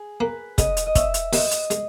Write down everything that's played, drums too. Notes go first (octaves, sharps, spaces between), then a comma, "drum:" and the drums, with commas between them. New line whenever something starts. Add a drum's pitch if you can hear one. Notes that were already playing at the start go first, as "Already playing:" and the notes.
Already playing: G#4
A#3 B4
C#3 D#5, drum: kick, hi-hat
drum: hi-hat
D#5
C#4 E5, drum: kick, hi-hat
drum: hi-hat
D#2 D#5, drum: open hi-hat
drum: hi-hat
G#3, drum: hi-hat